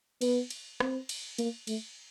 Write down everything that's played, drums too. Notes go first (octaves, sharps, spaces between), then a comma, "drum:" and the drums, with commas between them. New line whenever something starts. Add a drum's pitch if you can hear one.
B3, drum: cymbal
drum: cymbal
C4, drum: rim click
drum: cymbal
A#3, drum: cymbal
A3, drum: cymbal